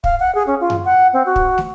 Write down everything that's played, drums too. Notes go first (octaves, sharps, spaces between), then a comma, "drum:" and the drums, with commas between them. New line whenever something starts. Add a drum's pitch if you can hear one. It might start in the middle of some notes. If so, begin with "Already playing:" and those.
F5, drum: kick
F#5
G#4
C#4
F4
drum: tom F#2
F#5
C4
F#4
drum: kick
drum: snare